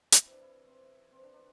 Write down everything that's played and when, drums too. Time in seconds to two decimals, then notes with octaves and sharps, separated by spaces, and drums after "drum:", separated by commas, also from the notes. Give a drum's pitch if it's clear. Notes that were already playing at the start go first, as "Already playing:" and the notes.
0.12 drum: hi-hat
0.22 C3 E3 E4
0.32 D4
0.42 E4
0.67 C4
1.12 C3 E3 C4
1.23 D4
1.33 D4